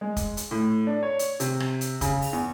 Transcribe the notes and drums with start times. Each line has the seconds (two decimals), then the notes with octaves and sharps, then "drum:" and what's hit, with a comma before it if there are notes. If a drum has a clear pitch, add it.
0.01 G#3
0.17 drum: kick, hi-hat
0.37 drum: hi-hat
0.51 A2
0.87 D4
1.03 C#5
1.19 drum: hi-hat
1.40 C3, drum: hi-hat
1.60 drum: rim click
1.81 drum: hi-hat
2.01 C#3, drum: kick, hi-hat
2.22 drum: open hi-hat
2.33 E2